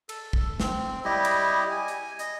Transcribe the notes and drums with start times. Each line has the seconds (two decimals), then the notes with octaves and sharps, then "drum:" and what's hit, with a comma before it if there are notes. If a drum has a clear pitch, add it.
0.09 A4, drum: cymbal
0.33 drum: kick
0.60 C4, drum: snare
1.05 G3 E4 G4 D#5
1.25 drum: cymbal
1.71 G#5
1.88 drum: hi-hat
2.19 D#5, drum: hi-hat